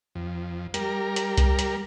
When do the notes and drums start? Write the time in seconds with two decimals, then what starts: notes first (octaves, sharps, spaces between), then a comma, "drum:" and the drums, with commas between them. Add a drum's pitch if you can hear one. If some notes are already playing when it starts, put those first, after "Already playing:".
0.15 F2
0.74 G3 A#4, drum: hi-hat
1.16 drum: hi-hat
1.37 drum: kick C2, hi-hat
1.59 drum: hi-hat